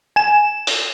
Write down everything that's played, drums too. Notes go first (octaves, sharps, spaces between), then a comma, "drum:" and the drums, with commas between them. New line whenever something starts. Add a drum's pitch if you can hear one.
G#5 E7
drum: open hi-hat